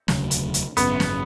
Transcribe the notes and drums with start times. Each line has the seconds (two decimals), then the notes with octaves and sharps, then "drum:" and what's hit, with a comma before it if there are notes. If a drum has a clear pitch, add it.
0.08 E1 D2 C#3 F#3, drum: snare
0.31 drum: hi-hat
0.54 drum: hi-hat
0.77 G#1 F#2 C#3 B3, drum: hi-hat
1.00 drum: snare